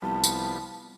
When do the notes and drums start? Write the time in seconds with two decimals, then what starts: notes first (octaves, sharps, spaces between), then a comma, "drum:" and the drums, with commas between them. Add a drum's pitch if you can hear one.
0.02 C2 F3 G3 B3 A5
0.24 drum: tambourine